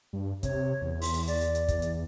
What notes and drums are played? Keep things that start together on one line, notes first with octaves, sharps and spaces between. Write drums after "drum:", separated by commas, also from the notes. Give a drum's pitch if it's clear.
G2
C3 C#5, drum: kick, hi-hat
E2
C6, drum: open hi-hat
drum: hi-hat
D5, drum: hi-hat
drum: hi-hat
drum: hi-hat
drum: kick, hi-hat
drum: hi-hat